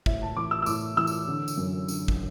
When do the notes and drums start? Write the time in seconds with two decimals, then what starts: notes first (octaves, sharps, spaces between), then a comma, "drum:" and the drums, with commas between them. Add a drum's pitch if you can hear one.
0.06 A2 E5, drum: kick
0.22 A5
0.37 E3 D6
0.51 E6
0.62 E6
0.66 A2 D6, drum: tambourine
0.97 E3 E6
1.07 drum: tambourine
1.28 D3
1.48 drum: tambourine
1.57 F#2
1.88 D3, drum: tambourine
2.08 drum: kick